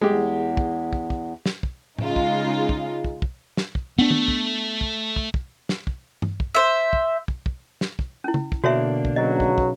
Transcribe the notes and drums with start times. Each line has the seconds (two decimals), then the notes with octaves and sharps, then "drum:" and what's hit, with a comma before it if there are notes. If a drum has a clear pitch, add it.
0.01 E2 G#3 G4
0.57 drum: kick
0.93 drum: kick
1.10 drum: kick
1.46 drum: snare
1.63 drum: kick
1.99 C#3 G#3 D#4 F4, drum: tom A2
2.16 drum: kick
2.69 drum: kick
3.04 drum: kick
3.22 drum: kick
3.57 drum: snare
3.75 drum: kick
3.99 A3 B3 D4
4.10 drum: tom
4.28 drum: kick
4.81 drum: kick
5.16 drum: kick
5.34 drum: kick
5.69 drum: snare
5.87 drum: kick
6.22 drum: tom G2
6.40 drum: kick
6.55 C5 E5
6.93 drum: kick
7.28 drum: kick
7.46 drum: kick
7.81 drum: snare
7.99 drum: kick
8.24 C#4 E4
8.34 drum: tom
8.52 drum: kick
8.64 B2 D3 A#3 D4 F#4 C#5 E5
9.05 drum: kick
9.16 B1 C#3 F#3 D#5
9.40 drum: kick
9.58 drum: kick